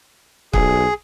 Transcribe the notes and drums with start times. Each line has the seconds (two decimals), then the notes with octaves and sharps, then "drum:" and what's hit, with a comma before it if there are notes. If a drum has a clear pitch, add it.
0.53 B1 G#4, drum: kick